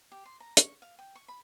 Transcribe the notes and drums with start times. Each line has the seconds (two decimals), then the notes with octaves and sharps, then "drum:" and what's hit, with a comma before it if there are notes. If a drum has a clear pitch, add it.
0.12 G4
0.26 C6
0.40 A#5
0.57 C#6, drum: hi-hat
0.82 F5
0.99 G5
1.15 C#6
1.28 B5